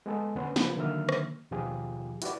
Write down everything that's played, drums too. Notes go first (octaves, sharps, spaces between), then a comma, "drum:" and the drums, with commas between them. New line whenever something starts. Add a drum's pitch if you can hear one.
G#3 B3 G#4 A4
D2 B3 C#4 C6
C#3 F3 A#3 B4, drum: snare
D3 D#3 F#3 A#3 E5 F6
drum: rim click
D#2 B2 F3 F4 G4 G#4
E4 F#4 G4 B4 D5, drum: hi-hat